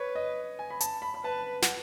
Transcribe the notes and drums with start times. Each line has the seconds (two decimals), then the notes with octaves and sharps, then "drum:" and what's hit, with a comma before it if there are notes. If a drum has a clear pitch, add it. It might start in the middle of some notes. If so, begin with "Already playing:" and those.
Already playing: B4 C#5
0.15 D#5
0.59 G#5
0.70 B5
0.81 A5, drum: hi-hat
1.02 B5
1.14 B5
1.24 B4 A5
1.62 F#5, drum: snare